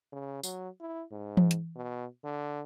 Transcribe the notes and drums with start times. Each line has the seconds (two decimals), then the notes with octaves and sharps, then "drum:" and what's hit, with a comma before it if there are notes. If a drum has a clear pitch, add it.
0.12 C#3
0.43 F#3, drum: tambourine
0.81 E4
1.12 G#2
1.37 drum: tom E3
1.51 drum: hi-hat
1.76 B2
2.24 D3